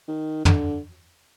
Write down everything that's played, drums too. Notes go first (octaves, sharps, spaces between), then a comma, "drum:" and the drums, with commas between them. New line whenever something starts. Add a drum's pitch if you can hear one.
D#3
D3, drum: tom